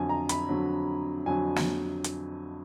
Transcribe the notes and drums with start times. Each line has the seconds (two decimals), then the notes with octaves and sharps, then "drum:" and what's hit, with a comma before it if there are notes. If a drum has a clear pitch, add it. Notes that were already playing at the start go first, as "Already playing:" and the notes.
Already playing: F2 D3 F#3 G#5
0.09 A#5
0.29 B5, drum: hi-hat
0.49 F2 D3 F#3
1.26 F2 D3 F#3 G#5
1.56 drum: snare
2.04 drum: hi-hat